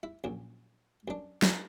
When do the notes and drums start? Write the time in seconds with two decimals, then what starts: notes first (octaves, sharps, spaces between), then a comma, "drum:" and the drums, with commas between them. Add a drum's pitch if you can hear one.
0.03 E4
0.24 A#1 F#2
1.08 F#2 D4
1.42 drum: snare